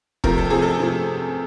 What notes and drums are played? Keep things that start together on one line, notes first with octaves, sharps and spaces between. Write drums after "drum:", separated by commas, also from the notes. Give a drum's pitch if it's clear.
C3 F3 A3 A#4, drum: kick
A4
C3 F3 A3 G#4
A4
C3 F3 A3